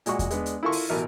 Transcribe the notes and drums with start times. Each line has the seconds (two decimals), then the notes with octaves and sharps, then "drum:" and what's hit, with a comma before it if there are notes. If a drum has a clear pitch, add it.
0.06 A#2 G#3 F#4 C#6, drum: hi-hat
0.19 drum: kick E2, hi-hat
0.30 G#3 B3 D4, drum: hi-hat
0.46 drum: hi-hat
0.63 E4 F4 A4 A#4 C6 C#6
0.72 drum: open hi-hat
0.89 A1 B2 A#4 E5